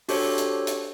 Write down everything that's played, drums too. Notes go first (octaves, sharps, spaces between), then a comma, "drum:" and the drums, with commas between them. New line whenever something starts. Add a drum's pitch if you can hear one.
D4 F#4 G4 A4 C5 C#5, drum: open hi-hat
drum: hi-hat
drum: hi-hat